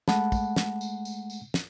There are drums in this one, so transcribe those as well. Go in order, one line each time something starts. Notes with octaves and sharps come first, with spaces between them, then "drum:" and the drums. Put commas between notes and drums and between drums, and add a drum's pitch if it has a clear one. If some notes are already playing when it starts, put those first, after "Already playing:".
G#3 A3 F#5 A5 B5, drum: snare
drum: kick, tambourine
drum: snare
drum: tambourine
drum: tambourine
drum: tambourine
drum: snare